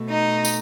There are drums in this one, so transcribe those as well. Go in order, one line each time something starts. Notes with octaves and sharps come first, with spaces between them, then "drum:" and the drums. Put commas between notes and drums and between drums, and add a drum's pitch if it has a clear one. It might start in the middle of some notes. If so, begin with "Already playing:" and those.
Already playing: B2 A3
D#4 D#5
drum: tambourine